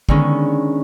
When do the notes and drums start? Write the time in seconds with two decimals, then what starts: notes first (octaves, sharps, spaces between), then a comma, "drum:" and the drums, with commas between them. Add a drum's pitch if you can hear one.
0.09 D3 D#3 G#3 B3 C#4, drum: kick